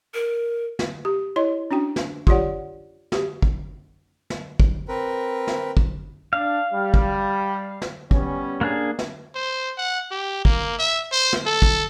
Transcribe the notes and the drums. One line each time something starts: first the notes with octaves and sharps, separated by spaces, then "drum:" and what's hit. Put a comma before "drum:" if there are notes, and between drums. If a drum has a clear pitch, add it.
A#4
drum: snare
G4
E4 C#5 D#5 C6
C#4 D4 F#4 G5
drum: snare
F4 G4 C#5 D5 F#5, drum: kick
F#4 G4, drum: snare
drum: kick
drum: snare
drum: kick
C4 A#4 B4
drum: snare
drum: kick
D4 F5
G3
drum: kick
drum: snare
G3 B3 C#4, drum: kick
A#3 D4 G#4
drum: snare
C5
F#5
G4
A#3, drum: kick
E5
C5
drum: snare
A4
drum: kick